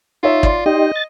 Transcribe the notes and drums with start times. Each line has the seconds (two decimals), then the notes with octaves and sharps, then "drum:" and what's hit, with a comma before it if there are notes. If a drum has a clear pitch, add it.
0.23 D#4 F4 C#5 E5
0.43 D5 C6, drum: kick
0.66 D#4 G4 D#5
0.96 A6